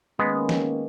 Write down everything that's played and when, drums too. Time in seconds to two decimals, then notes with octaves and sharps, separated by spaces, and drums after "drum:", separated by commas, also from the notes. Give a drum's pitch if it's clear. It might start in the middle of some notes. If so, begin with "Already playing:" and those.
0.19 D#3 G#3 A#3 B3 C#4
0.49 drum: snare